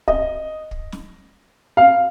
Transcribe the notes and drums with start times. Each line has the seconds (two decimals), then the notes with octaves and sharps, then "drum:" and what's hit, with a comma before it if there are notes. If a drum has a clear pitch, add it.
0.08 D#5, drum: kick
0.71 drum: kick
0.92 drum: snare
1.77 F5